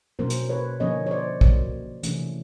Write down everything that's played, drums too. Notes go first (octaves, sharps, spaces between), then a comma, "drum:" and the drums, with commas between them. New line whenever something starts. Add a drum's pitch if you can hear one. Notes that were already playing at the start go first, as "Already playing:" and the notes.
B2 F#3 A#3 C#4 A#4 C5
drum: hi-hat
B4 C#5
D3 F3 A#3 C#4 C#5 D#5
C#5
C5 D5
A#2 F#3 A#3, drum: kick A#1
C3 E3 A3 C#4, drum: hi-hat